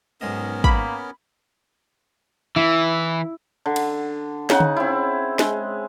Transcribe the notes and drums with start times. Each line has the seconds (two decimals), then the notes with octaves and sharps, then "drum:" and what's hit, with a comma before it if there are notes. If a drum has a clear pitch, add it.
0.21 B1 G#2 B3 C#4 A#4 D#5
0.64 A#3 B5, drum: kick
2.56 E3 E4
3.66 D3
3.76 drum: cymbal
4.50 C#3 D#4 F#5, drum: snare
4.60 drum: tom D3
4.76 C4 E4
5.39 G#3, drum: snare